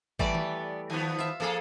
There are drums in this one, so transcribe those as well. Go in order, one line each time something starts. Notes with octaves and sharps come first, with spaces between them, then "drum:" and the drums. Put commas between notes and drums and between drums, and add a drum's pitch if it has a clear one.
E3 G3 A3 B3 D5, drum: kick G#1
drum: tom D#3
D#3 F3 B3 G#5
F4 E5
F3 A#3 F4 G#4 A4